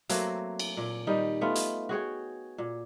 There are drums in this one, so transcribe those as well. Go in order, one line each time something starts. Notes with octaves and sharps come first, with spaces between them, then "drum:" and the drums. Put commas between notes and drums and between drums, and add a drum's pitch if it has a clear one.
F#3 A3 A#3 C4, drum: hi-hat
drum: cymbal
A#2
D#3 G3 D#4
A3 B3 F4
drum: hi-hat
F#4 G#4 C#5 G5
A#2